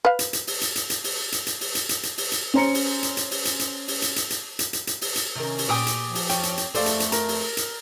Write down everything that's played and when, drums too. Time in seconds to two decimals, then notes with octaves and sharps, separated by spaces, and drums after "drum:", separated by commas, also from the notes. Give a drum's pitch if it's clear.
0.05 B4 F5
0.19 drum: hi-hat
0.33 drum: hi-hat
0.47 drum: open hi-hat
0.61 drum: hi-hat
0.76 drum: hi-hat
0.90 drum: hi-hat
1.04 drum: open hi-hat
1.32 drum: hi-hat
1.47 drum: hi-hat
1.61 drum: open hi-hat
1.75 drum: hi-hat
1.89 drum: hi-hat
2.03 drum: hi-hat
2.18 drum: open hi-hat
2.32 drum: hi-hat
2.54 C#4 C5 A#5 C#7
2.74 drum: open hi-hat
3.03 drum: hi-hat
3.17 drum: hi-hat
3.31 drum: open hi-hat
3.45 drum: hi-hat
3.59 drum: hi-hat
3.88 drum: open hi-hat
4.02 drum: hi-hat
4.16 drum: hi-hat
4.30 drum: hi-hat
4.59 drum: hi-hat
4.73 drum: hi-hat
4.87 drum: hi-hat
5.01 drum: open hi-hat
5.16 drum: hi-hat
5.35 C3 D#3 C#4 A#4
5.58 drum: open hi-hat
5.69 A#2 G4 G#4 D#6
5.87 drum: hi-hat
6.06 F3
6.15 drum: open hi-hat
6.29 F2 C#4 G5, drum: hi-hat
6.43 drum: hi-hat
6.58 drum: hi-hat
6.74 F2 A3 A4 C5 D5 F5, drum: open hi-hat
6.86 drum: hi-hat
7.00 drum: hi-hat
7.12 A#4 A#5, drum: hi-hat
7.28 drum: open hi-hat
7.57 drum: hi-hat